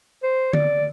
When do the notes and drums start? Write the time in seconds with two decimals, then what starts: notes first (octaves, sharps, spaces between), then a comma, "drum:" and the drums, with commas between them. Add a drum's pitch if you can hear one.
0.23 C5
0.53 D5, drum: tom D3